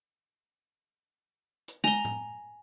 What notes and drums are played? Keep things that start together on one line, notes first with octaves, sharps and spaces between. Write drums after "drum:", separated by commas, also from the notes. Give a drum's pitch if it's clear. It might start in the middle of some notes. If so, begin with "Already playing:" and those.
drum: hi-hat
G#5 A#5 G7, drum: tom
drum: tom A2